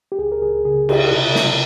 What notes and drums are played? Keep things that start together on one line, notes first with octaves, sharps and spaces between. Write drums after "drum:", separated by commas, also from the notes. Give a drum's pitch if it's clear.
G4
C#2 G#4
A#4
C#2 G#4
C#3 G#4
C#3 G4, drum: cymbal
C3 F4
C3, drum: snare
F4